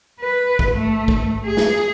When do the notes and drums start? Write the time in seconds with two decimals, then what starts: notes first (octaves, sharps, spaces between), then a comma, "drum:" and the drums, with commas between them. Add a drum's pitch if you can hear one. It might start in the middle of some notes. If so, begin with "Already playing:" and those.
0.20 B4
0.59 drum: kick
0.71 A3
1.08 drum: kick
1.46 G#4
1.57 drum: snare